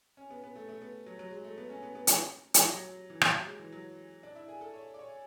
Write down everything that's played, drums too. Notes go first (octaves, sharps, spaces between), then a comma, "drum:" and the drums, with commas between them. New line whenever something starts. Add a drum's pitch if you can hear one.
C#4
B3
B3
A3
A3
B3
F#3
F#3
G#3
A3
B3
C#4
B3
B3
C#4, drum: hi-hat
drum: hi-hat
F#3
E3
F#3, drum: rim click
F#3
G#3
E3
F#3
D4
E4
G#4
A4
C#5
D5
C#5